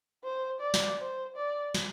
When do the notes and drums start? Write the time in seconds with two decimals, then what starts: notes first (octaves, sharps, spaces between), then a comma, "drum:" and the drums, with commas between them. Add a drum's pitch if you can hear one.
0.24 C5
0.61 D5
0.74 drum: snare
0.99 C5
1.37 D5
1.74 drum: snare